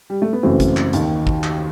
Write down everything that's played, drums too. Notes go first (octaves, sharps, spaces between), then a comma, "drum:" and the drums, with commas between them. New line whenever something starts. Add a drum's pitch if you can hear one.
G3
A3
B3
F#1 F#2 E3 A3 C4
drum: kick, hi-hat
drum: clap
D#2 D#3, drum: hi-hat
drum: kick
drum: clap